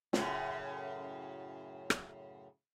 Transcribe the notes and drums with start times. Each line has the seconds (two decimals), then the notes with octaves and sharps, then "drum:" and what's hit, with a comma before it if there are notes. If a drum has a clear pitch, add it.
0.13 F#2 A2 C#3, drum: snare
1.90 drum: rim click